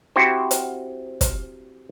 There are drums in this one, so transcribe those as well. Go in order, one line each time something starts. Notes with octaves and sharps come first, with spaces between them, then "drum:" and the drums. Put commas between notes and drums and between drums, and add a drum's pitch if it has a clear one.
C4 E4 F#4 G4 C5
drum: hi-hat
drum: kick, hi-hat